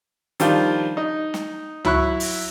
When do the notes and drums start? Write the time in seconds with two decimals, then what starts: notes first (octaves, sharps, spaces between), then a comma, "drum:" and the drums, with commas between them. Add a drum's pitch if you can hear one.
0.40 D#3 F3 G3 D4 F4, drum: hi-hat
0.97 D#4
1.34 drum: snare
1.85 F#3 E4 B5 C#6 F#6, drum: tom C#2
2.20 drum: open hi-hat